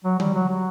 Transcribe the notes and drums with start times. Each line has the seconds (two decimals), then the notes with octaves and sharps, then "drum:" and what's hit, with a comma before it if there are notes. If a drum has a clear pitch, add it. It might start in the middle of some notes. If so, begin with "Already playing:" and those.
0.05 F#3
0.20 G3, drum: tom D3
0.34 F#3
0.49 F#3